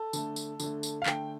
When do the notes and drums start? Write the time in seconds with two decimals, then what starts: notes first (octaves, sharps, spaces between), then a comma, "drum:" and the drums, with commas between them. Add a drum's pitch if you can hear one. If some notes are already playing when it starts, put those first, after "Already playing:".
Already playing: A4
0.13 D3 A3, drum: tambourine
0.36 drum: tambourine
0.60 D3 A3, drum: tambourine
0.83 drum: tambourine
1.02 F5
1.06 D3 A3 G5, drum: clap